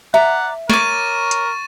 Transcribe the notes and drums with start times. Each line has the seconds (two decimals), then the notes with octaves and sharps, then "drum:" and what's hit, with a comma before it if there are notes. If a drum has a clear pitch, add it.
0.14 D5 E5 F#5 A#5
0.69 A#4 C#5 C#6 D6 A6 D#7, drum: snare
1.31 drum: hi-hat